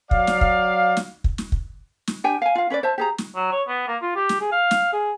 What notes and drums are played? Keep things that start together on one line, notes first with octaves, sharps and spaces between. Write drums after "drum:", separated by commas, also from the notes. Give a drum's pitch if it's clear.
F#3 D5 F5, drum: kick
drum: snare
drum: kick
drum: snare
drum: kick
drum: snare
drum: kick
drum: snare
D4 G4 G5 G#5
F5 G#5
F4 F5
C#4 B4 C5 D5
C5 E5 A5
G4 G#4 A#5
drum: snare
F#3
C#5
B3
A#3
F4
G4
drum: snare
G#4
F5
drum: snare
G#4